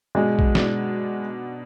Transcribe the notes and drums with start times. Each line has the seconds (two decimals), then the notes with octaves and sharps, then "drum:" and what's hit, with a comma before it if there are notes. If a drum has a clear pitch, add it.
0.15 B2 F#3 G#3 D4
0.39 drum: kick A#1
0.55 B2 F#3 D4, drum: snare